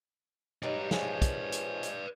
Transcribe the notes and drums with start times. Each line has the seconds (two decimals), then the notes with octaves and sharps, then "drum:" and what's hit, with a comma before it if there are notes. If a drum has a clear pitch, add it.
0.63 F#3 G3 D#4 B4 D5
0.91 F3 G#3 C#4, drum: snare
1.22 drum: kick, hi-hat
1.52 drum: hi-hat
1.83 drum: hi-hat